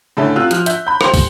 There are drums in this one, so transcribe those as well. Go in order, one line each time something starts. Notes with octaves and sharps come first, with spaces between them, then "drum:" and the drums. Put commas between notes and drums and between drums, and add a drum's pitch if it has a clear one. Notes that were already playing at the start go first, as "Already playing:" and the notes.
A2 D3 C#4 A4 E5
C3 F4 E6 F#6
F3 F6, drum: hi-hat
E5 G6, drum: hi-hat
B5 G6
G4 C5 C6 C#7 F7, drum: rim click
drum: kick, open hi-hat